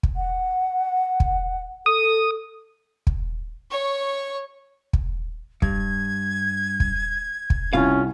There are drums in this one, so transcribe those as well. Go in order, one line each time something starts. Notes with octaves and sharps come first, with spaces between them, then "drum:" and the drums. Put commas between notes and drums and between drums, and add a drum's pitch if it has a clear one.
drum: kick
F#5
drum: kick
A4 D#6
drum: kick
C#5 C#6
drum: kick
G2 G#6, drum: kick
drum: kick
drum: kick
C2 C#4 F4 F5